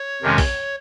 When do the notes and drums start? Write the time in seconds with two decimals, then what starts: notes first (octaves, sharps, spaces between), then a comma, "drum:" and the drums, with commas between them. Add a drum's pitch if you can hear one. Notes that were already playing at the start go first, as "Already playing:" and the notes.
Already playing: C#5
0.22 F2 C3 D#3 G#3 C#4
0.38 drum: kick, open hi-hat